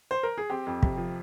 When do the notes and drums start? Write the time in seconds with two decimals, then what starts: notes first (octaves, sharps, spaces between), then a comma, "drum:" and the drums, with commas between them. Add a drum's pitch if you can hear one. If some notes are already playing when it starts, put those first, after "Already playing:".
0.11 C5
0.23 A#4
0.38 G#4
0.50 C4 G4
0.67 F2
0.83 C3, drum: kick
0.98 F3